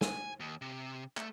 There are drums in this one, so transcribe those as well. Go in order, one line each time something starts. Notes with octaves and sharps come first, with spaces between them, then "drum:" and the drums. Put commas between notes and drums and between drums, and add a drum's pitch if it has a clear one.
G#5, drum: snare
D#2
C3
A3, drum: clap